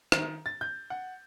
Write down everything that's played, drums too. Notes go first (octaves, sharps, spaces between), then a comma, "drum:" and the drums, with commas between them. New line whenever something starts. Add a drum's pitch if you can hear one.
D#3, drum: rim click
A6
G6
F#5